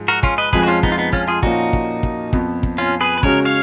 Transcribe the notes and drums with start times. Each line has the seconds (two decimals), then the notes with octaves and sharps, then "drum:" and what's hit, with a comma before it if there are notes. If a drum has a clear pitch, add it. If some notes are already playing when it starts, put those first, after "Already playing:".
Already playing: G#2 F3 G#3
0.08 F#4 A#4
0.23 C#4 F4, drum: kick
0.38 B4 D#5
0.53 F2 F3 G#3 G#4 B4, drum: kick
0.63 F#4
0.68 C#4 F4
0.83 B3 D#4, drum: kick
0.92 F4
0.98 B3 D#4
1.13 C#4 F4, drum: kick
1.28 F4 G#4
1.43 A#2 F3 A#3 C#4 D#4 F#4, drum: kick
1.73 drum: kick
2.03 drum: kick
2.33 F2 F3 B3, drum: kick
2.63 drum: kick
2.78 C#4 F4
3.01 G#4 B4
3.18 B4
3.23 C#3 G#3 C#4 F#4 A#4 C#5, drum: kick
3.45 C#5 F5